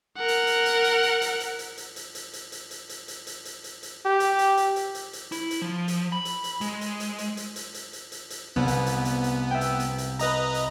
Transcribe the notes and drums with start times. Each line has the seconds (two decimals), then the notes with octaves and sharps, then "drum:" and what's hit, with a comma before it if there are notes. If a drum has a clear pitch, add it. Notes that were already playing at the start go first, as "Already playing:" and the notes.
0.17 A#4 F#5
0.28 drum: hi-hat
0.47 drum: hi-hat
0.65 drum: hi-hat
0.84 drum: hi-hat
1.03 drum: hi-hat
1.21 drum: hi-hat
1.40 drum: hi-hat
1.59 drum: hi-hat
1.77 drum: hi-hat
1.96 drum: hi-hat
2.15 drum: hi-hat
2.33 drum: hi-hat
2.52 drum: hi-hat
2.71 drum: hi-hat
2.89 drum: hi-hat
3.08 drum: hi-hat
3.27 drum: hi-hat
3.45 drum: hi-hat
3.64 drum: hi-hat
3.83 drum: hi-hat
4.06 G4
4.20 drum: hi-hat
4.39 drum: hi-hat
4.57 drum: hi-hat
4.76 drum: hi-hat
4.95 drum: hi-hat
5.13 drum: hi-hat
5.32 E4, drum: hi-hat
5.51 drum: hi-hat
5.62 F3
5.88 drum: hi-hat
6.12 B5
6.25 drum: hi-hat
6.44 drum: hi-hat
6.61 G#3, drum: hi-hat
6.81 drum: hi-hat
7.00 drum: hi-hat
7.18 drum: hi-hat
7.37 drum: hi-hat
7.56 drum: hi-hat
7.74 drum: hi-hat
7.93 drum: hi-hat
8.12 drum: hi-hat
8.30 drum: hi-hat
8.56 C2 B3
8.68 drum: hi-hat
8.86 drum: hi-hat
9.05 drum: hi-hat
9.24 drum: hi-hat
9.50 E5 G5
9.61 drum: hi-hat
9.80 drum: hi-hat
9.98 drum: hi-hat
10.19 B4 D#5 A#5, drum: hi-hat
10.54 drum: hi-hat